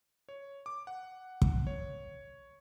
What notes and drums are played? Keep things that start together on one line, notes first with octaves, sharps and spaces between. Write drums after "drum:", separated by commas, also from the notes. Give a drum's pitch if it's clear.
C#5
D6
F#5
drum: kick
C#5